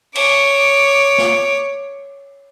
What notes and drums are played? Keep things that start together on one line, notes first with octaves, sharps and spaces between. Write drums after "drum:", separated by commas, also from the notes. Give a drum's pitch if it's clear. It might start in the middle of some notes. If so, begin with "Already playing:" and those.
C#5 D6, drum: cymbal
drum: snare